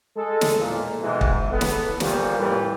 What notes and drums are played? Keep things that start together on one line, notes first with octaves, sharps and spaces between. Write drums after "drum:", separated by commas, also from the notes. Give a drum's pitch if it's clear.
G#3 A4
drum: snare
B1 E2 A#2
G#2 B2 D#3 E3 G#3
drum: kick
B3 A4
drum: snare
E2 F3 G3 A#3, drum: snare
F2 A2 E3 G3